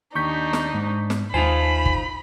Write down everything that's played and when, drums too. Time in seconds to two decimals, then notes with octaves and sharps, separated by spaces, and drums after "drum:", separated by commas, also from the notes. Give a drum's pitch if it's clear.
0.15 D#2 D4 D#4 C#6 G6 B6
0.53 drum: snare
0.74 G#2
1.10 drum: snare
1.34 D#2 D#4 F4 C5 G#5 A5 B5
1.86 drum: kick